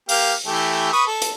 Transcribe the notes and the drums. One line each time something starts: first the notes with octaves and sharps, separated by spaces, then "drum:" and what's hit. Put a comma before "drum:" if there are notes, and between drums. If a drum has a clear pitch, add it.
A#3 G4 F5, drum: open hi-hat
E3 A3 G4
B4 C#6 D#6
A4
drum: hi-hat